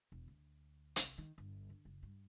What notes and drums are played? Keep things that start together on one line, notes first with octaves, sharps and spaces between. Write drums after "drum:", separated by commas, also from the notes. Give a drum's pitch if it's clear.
E1
D2
C2, drum: hi-hat
D#3
G1
D3
F#1
G2